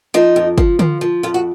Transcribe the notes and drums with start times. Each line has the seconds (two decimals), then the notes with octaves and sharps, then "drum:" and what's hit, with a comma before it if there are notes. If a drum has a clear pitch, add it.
0.14 F3 D#4
0.36 F2
0.58 F3, drum: kick
0.79 F3, drum: tom D3
1.01 F3
1.23 F2 F4
1.34 F#4